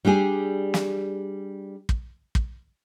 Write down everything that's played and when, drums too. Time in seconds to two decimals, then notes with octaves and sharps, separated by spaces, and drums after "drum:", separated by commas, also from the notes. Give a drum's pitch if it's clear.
0.05 G3 D4 G4 G#4
0.74 drum: snare
1.89 drum: kick
2.35 drum: kick